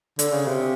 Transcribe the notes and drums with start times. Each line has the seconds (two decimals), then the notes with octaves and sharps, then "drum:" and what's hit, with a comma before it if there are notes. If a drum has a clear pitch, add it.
0.19 D3, drum: hi-hat
0.32 C#3
0.47 C3